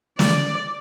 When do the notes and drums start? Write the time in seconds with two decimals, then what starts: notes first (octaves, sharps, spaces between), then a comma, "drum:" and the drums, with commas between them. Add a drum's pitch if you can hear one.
0.19 D5, drum: snare